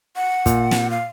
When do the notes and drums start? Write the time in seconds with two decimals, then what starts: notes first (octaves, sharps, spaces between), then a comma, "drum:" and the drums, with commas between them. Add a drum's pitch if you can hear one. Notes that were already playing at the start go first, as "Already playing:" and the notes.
0.17 F#5
0.46 A#2, drum: kick, hi-hat
0.71 drum: snare
0.91 F5